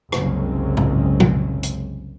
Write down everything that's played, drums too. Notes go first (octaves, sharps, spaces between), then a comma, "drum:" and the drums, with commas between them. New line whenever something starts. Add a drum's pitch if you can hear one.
F#1 C2 C#3 G#3 C4, drum: rim click
drum: tom
drum: tom
drum: hi-hat